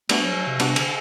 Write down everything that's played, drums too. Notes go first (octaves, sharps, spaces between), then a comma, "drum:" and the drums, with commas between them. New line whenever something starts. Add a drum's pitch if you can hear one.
G3 A3 B3 D4 F#4, drum: cymbal
F#3
F#3
C3
C3 G3 B3 D4 F#4, drum: cymbal
D3, drum: cymbal